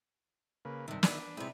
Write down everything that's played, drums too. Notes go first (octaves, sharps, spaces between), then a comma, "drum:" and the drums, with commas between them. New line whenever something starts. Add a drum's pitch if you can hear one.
C#3 A#3 B4
G2 C3 D#3 E5
D4 B4, drum: snare
C3 G#3 C4 E4 B4